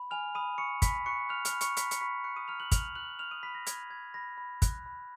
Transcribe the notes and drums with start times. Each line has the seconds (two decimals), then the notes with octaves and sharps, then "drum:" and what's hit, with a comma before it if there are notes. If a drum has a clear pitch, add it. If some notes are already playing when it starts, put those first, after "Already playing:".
Already playing: B5
0.11 G#5 F6 F7
0.35 B5 D#6 D#7
0.58 C#6 D#6 C#7
0.82 B5 B6, drum: kick, hi-hat
1.06 C#6 F#6 C#7
1.29 F6 F#6 F7
1.45 F6 F7, drum: hi-hat
1.53 B5
1.61 C#6 C#7, drum: hi-hat
1.77 A#5 B5 B6, drum: hi-hat
1.91 C#7, drum: hi-hat
2.01 B5 C#6 B6
2.24 C#6 F#6 C#7
2.36 D#6 D#7
2.48 A#5 F6 F7
2.60 F#6 F#7
2.72 F6 F7, drum: kick, hi-hat
2.95 F6 F#6 F#7
3.19 F6 F7
3.31 D#6 D#7
3.43 B5 F6 B6
3.55 A#6
3.67 B5 G#6, drum: hi-hat
3.90 B5 G#6
4.14 B5 A#6
4.38 B5
4.62 F#6, drum: kick, hi-hat
4.86 B5